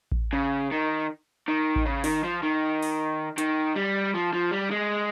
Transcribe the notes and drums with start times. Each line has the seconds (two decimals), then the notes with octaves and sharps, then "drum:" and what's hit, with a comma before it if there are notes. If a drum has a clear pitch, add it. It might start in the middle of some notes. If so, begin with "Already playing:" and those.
0.12 drum: kick A1
0.33 C#3
0.72 D#3
1.48 D#3
1.76 drum: kick A1
1.85 C#3
2.04 D#3, drum: open hi-hat
2.24 F3
2.43 D#3
2.83 drum: open hi-hat
3.38 D#3, drum: hi-hat
3.76 G3
4.14 F3
4.33 F3
4.52 G3
4.71 G#3